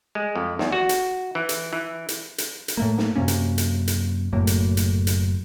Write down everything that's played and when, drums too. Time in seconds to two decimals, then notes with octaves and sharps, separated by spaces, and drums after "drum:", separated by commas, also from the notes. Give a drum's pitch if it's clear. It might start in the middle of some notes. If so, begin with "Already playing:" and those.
0.15 G#3
0.35 F2
0.59 E2, drum: snare
0.72 F#4
0.89 drum: hi-hat
1.35 E3
1.49 drum: hi-hat
1.73 E3
2.09 drum: hi-hat
2.38 drum: hi-hat
2.68 drum: hi-hat
2.77 A2 A3 A#3
2.98 drum: snare
3.15 F#2 C3 A#3 C#4
3.28 drum: hi-hat
3.58 drum: hi-hat
3.88 drum: hi-hat
4.33 F#1 F#2 A2 A#3
4.47 drum: hi-hat
4.77 drum: hi-hat
5.07 drum: hi-hat